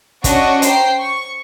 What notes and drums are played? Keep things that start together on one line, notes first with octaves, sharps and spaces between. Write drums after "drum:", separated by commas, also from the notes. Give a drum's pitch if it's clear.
C#4 D4 F#4 D#5 C#6, drum: kick, hi-hat
C5 G5 A#5 C7, drum: hi-hat
C#6